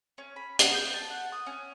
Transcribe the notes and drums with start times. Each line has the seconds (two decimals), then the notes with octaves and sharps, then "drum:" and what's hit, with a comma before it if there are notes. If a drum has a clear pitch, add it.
0.18 C#4
0.36 B5
0.59 B3, drum: hi-hat
0.74 G6
0.94 A5
1.10 F#5
1.32 D#6
1.46 C#4